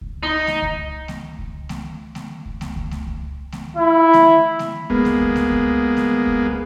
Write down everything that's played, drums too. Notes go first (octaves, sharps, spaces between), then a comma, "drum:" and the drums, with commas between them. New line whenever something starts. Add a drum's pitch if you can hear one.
drum: kick C#2
D#4
drum: snare A3
drum: kick C#2
drum: snare A3
drum: kick C#2
drum: snare A3
drum: snare A3
drum: kick C#2
drum: snare A3
drum: kick C#2
drum: snare A3
drum: kick C#2
drum: snare A3
E4
drum: snare A3
drum: snare A3
G#3 A#3 B3, drum: kick C#2
drum: snare A3
drum: kick C#2
drum: snare A3
drum: kick C#2
drum: snare A3
drum: kick C#2